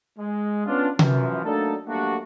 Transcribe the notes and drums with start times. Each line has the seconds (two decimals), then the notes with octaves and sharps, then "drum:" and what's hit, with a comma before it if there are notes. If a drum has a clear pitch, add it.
0.19 G#3
0.66 B3 C#4 D4 F4
0.99 F#2 E3 F3, drum: tom C3
1.44 F#3 A3 A#3 D4 D#4 A4
1.87 F#3 G3 A3 A#3 D4 F#4